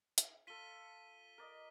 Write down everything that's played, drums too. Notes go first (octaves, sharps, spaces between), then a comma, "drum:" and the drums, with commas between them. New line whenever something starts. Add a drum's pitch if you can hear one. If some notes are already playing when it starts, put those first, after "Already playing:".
drum: hi-hat
F4 A4 B6 D#7 G7
A#4 D5 D#5